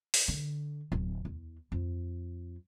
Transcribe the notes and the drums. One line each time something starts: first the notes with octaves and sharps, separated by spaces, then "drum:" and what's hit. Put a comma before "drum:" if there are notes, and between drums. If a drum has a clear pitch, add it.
drum: open hi-hat
D3
D1
E2
F2